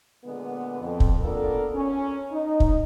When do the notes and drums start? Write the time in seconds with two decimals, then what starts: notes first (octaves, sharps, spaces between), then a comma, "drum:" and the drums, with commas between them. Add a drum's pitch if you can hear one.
0.25 A#2 D3 G#3 B3
0.80 F2
1.00 drum: kick
1.21 A#3 B3 D4 F4 A4 A#4
1.73 C#4
2.31 D#4
2.60 drum: kick